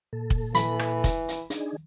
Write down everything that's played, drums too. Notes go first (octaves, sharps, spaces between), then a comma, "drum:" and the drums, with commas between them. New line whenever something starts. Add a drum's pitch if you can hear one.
A#2 A4
drum: kick
E3 B5, drum: hi-hat
drum: rim click
drum: kick, hi-hat
drum: hi-hat
D4 D#4 G#4, drum: hi-hat